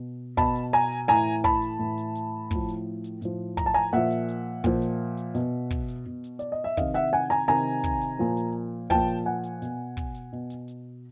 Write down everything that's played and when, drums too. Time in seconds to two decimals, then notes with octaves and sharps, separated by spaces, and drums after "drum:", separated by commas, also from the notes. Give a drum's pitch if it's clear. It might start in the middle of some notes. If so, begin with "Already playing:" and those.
Already playing: B2
0.37 B2 A5 B5, drum: kick, hi-hat
0.55 drum: hi-hat
0.73 G#5 A#5
0.91 drum: hi-hat
1.08 A2 E3 G#5 A#5, drum: hi-hat
1.44 A5 B5, drum: kick, hi-hat
1.62 drum: hi-hat
1.79 A2 E3
1.98 drum: hi-hat
2.15 drum: hi-hat
2.51 A2 F3, drum: kick, hi-hat
2.69 drum: hi-hat
3.04 drum: hi-hat
3.22 A2 F3, drum: hi-hat
3.57 A#5, drum: kick, hi-hat
3.66 A5
3.74 G#5 A#5, drum: hi-hat
3.93 A#2 F3 E5 F#5
4.11 drum: hi-hat
4.28 drum: hi-hat
4.64 A#2 F3, drum: kick, hi-hat
4.82 drum: hi-hat
5.17 drum: hi-hat
5.35 B2, drum: hi-hat
5.71 drum: kick, hi-hat
5.88 drum: hi-hat
6.06 B2
6.24 drum: hi-hat
6.39 D5, drum: hi-hat
6.52 D#5
6.64 E5
6.77 C3 D#3 D#5 F5, drum: kick, hi-hat
6.94 E5 F#5, drum: hi-hat
7.13 F#5 G#5
7.30 G#5 A#5, drum: hi-hat
7.48 C3 D#3 G#5 A#5, drum: hi-hat
7.84 drum: kick, hi-hat
8.01 drum: hi-hat
8.19 A#2 F3
8.37 drum: hi-hat
8.90 A#2 F3 G5 A5, drum: kick, hi-hat
9.08 drum: hi-hat
9.26 F#5 G#5
9.44 drum: hi-hat
9.62 B2, drum: hi-hat
9.97 drum: kick, hi-hat
10.15 drum: hi-hat
10.33 B2
10.50 drum: hi-hat
10.68 drum: hi-hat